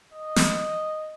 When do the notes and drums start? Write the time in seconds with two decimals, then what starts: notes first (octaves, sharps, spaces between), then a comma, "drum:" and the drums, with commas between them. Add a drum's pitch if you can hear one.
0.13 D#5
0.36 drum: snare